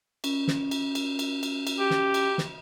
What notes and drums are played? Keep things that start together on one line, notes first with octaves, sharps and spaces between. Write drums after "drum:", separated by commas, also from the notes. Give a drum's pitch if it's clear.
C#4, drum: cymbal
drum: snare
drum: cymbal
drum: cymbal
drum: cymbal
drum: cymbal
drum: cymbal
G4
drum: snare
drum: cymbal
drum: snare